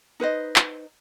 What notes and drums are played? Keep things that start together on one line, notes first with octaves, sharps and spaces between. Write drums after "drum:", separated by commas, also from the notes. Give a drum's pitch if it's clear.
D#4 B4 C5 D#5
drum: clap